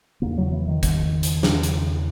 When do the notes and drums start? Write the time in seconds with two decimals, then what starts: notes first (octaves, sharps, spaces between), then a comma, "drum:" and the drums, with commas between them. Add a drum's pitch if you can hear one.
0.22 E2 C#3 A#3
0.38 F#3
0.52 E3
0.68 D#3
0.83 drum: kick, hi-hat
1.23 drum: hi-hat
1.43 E2 C#3, drum: snare
1.63 drum: hi-hat